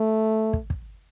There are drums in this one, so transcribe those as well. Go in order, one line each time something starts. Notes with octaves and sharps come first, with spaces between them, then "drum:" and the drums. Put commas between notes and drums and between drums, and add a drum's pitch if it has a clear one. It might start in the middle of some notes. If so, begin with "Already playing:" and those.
Already playing: A3
drum: kick
drum: kick